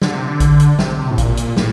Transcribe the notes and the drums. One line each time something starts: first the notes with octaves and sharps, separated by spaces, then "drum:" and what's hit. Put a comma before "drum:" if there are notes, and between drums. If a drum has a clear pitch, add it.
D3, drum: snare
C3
D3
drum: kick A1, hi-hat
drum: hi-hat
C3, drum: snare
C3
A2
A#2, drum: kick A1, hi-hat
drum: hi-hat
A2, drum: snare